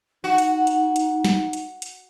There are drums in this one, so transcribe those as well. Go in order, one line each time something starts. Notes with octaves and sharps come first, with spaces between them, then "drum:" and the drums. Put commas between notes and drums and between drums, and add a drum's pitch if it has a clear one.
D#4 F#4
drum: hi-hat
drum: hi-hat
drum: hi-hat
drum: snare
drum: hi-hat
drum: hi-hat